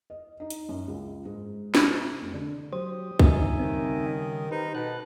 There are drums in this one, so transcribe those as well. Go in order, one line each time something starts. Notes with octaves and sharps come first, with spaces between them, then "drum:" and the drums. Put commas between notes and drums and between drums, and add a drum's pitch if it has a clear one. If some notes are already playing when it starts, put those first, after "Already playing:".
D#5
D#4
drum: hi-hat
F#2
C#2
G#2
C3, drum: snare
F1
D3
F#3 G4 C5 D#6
C#3 G3 D#4 D#5 E5 G#5, drum: kick
D#3 C4
D#4 G4 B4 C5
B2 A4 B4 F#5 A5 F#6